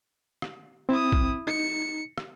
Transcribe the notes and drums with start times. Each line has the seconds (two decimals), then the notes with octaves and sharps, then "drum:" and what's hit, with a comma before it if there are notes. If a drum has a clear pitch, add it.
0.42 drum: rim click
0.89 C4 E4 D#6
1.12 drum: kick A#1
1.47 D#4 C#7
2.18 drum: rim click